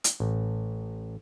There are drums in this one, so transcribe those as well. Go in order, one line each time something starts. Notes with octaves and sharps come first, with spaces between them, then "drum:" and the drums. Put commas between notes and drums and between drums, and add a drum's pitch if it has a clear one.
drum: hi-hat
A1